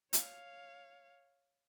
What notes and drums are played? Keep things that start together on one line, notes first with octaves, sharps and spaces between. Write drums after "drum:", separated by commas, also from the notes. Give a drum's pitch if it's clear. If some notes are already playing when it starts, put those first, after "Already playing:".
C#5 F5, drum: hi-hat